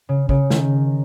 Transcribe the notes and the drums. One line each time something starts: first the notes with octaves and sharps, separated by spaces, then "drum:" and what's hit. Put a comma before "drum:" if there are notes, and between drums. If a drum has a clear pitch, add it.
C#3
C#3, drum: kick
D#3, drum: snare